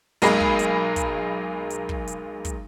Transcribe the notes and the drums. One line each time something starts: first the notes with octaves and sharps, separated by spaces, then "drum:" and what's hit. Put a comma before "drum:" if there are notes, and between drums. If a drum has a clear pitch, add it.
B1 G#3 A#3 G#4 B5, drum: hi-hat
drum: kick
drum: hi-hat
drum: kick, hi-hat
drum: hi-hat
drum: kick
drum: hi-hat
drum: kick, hi-hat